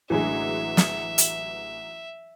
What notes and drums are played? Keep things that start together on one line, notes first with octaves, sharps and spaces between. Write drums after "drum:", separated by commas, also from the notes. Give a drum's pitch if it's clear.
A1 D3 E3 F#3 G#3 E5 G#5
drum: snare
drum: hi-hat